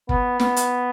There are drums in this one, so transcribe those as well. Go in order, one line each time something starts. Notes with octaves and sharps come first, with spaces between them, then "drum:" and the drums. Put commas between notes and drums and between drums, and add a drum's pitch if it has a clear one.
B3, drum: kick
B3, drum: snare
drum: hi-hat